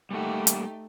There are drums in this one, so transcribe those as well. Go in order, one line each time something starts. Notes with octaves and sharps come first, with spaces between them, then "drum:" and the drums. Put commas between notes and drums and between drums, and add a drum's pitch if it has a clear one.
G3 A3 A#3 D#4 G4 F#5
drum: hi-hat